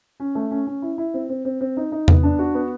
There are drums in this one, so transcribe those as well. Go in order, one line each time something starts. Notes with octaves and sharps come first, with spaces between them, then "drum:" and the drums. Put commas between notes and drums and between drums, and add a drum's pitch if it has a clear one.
C#4
A3
C#4
C#4
E4
E4
C4
C4
C4
C4
D#4
D#4
B3, drum: tom E2
D4
F#4
B3